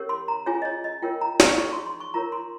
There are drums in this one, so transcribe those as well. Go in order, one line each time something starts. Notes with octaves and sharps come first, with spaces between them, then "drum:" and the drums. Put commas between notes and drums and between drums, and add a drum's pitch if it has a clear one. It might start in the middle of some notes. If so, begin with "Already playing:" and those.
Already playing: C#4 G4 A#4 C#5
C6
A#5
C#4 F4 G#4 C#5 G#5
D#5
C#5
D#5
F4 A#4 C#5 G5
A#5
C#6, drum: snare
D#4 G#4 C#5 C#6
C6
C6
C#6
F4 A#4 C#5 A#5
C6